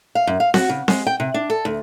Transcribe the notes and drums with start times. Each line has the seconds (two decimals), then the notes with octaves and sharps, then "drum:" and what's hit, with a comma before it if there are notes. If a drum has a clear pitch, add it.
0.15 F5
0.27 F#2
0.40 F5
0.54 F#4, drum: snare C4
0.69 C#3
0.88 G#3, drum: snare C4
1.07 G5
1.20 C3
1.34 D4
1.50 A4
1.65 D2